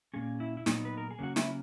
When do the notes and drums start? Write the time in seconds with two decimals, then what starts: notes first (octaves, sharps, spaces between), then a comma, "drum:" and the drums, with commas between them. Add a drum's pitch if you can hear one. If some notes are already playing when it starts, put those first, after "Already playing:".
0.14 A#2 A#3 C#4 G#4
0.40 E4
0.57 E4
0.66 A#2 F#3 B3 D#4, drum: snare
0.85 B4
0.97 A#4
1.11 G#4
1.19 C#3 F#3 A#3 C#4 F#4
1.36 E4, drum: snare